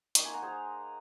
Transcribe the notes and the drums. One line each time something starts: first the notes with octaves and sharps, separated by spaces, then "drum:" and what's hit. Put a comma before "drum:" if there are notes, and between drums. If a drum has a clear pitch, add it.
A#3 D#4 A#5 C#6, drum: hi-hat
G#5 C6
F#5 A#5
G#4 C5